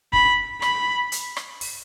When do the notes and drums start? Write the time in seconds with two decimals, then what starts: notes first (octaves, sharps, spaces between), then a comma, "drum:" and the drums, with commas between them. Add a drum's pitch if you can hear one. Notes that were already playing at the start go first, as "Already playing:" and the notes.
0.13 B5, drum: kick
0.62 B5, drum: rim click
1.12 drum: hi-hat
1.36 drum: rim click
1.61 drum: open hi-hat